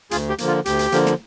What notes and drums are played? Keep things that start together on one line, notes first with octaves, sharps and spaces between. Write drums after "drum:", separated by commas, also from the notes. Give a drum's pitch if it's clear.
D2 F4 G#4, drum: hi-hat
G4
D3 F3 A#3, drum: hi-hat
F4
D2 G4, drum: hi-hat
drum: hi-hat
D3 F3 A#3, drum: hi-hat
drum: snare